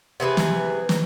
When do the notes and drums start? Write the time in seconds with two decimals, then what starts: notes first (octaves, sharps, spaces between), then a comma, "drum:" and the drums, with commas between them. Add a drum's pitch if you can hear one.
0.20 C3 E3 G#4 B4
0.37 drum: snare
0.89 drum: snare